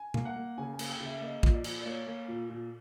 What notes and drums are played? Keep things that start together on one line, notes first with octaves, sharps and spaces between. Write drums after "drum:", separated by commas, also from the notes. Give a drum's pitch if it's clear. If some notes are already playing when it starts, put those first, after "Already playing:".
Already playing: G#5
A#3, drum: tom B2
F#5
A#3
C#3 G#5
G#5
A#3, drum: cymbal
G5
C#3
E5
A#3 D#5
A#2, drum: kick
D5
A#2, drum: cymbal
D5
A#3 C#5
A#3
A#2
A#2